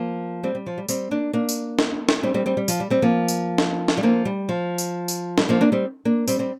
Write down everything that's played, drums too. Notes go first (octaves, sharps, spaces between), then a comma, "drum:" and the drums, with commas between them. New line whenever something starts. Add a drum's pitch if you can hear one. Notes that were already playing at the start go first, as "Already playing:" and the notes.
Already playing: F3 A#3
G3 C4
G3
F3
G3
G3 C4, drum: tambourine
A#3 D4
A#3 D4
drum: tambourine
drum: snare
drum: snare
G3 C4
G3 C4
G3 C4
G3
F3, drum: tambourine
G3
G3 C4
F3 A#3
drum: tambourine
drum: snare
drum: snare
G3
F3 A#3
G3
F3
drum: tambourine
drum: tambourine
G3, drum: snare
F3 A#3
A#3 D4
G3 C4
A#3 D4
G3 C4, drum: tambourine
G3 C4